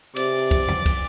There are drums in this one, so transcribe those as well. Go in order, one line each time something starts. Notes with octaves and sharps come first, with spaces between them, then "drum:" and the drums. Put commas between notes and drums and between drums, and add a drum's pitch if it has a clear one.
C3 D5, drum: cymbal
drum: kick, cymbal
drum: tom E2
drum: kick, cymbal